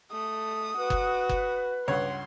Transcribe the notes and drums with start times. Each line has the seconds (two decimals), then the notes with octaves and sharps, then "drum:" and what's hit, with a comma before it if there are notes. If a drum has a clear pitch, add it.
0.12 A3 D#6
0.78 F#4 B4
0.90 drum: kick F#1
1.29 drum: kick F#1
1.88 C#2 G2 C#5 F#5 C6